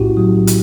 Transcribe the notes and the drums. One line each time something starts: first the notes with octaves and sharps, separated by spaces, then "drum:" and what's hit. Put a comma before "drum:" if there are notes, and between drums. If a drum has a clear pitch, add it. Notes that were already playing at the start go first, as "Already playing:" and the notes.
Already playing: B1 A2 C#4 E4 F#4 G4
F#3
drum: hi-hat